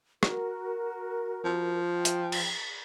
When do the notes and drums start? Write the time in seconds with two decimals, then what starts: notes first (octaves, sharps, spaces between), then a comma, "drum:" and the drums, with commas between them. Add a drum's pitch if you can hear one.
0.23 F#4 A#4, drum: rim click
1.45 F3
1.95 G5
2.05 drum: hi-hat
2.32 drum: cymbal